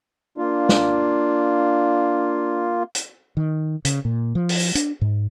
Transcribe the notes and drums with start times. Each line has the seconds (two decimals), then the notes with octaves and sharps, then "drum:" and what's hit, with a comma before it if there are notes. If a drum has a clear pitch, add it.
0.38 A#3 D4 F4
0.69 drum: snare
2.95 drum: hi-hat
3.37 D#3
3.85 C#3, drum: hi-hat
4.05 A#2
4.35 F3
4.49 drum: open hi-hat
4.75 D4, drum: hi-hat
5.01 G#2